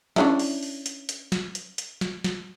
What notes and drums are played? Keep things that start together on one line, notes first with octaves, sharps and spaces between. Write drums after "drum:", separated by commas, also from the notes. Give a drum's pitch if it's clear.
C#4 D4 E4, drum: snare
drum: open hi-hat
drum: open hi-hat
drum: hi-hat
drum: hi-hat
drum: snare
drum: hi-hat
drum: hi-hat
drum: snare
drum: snare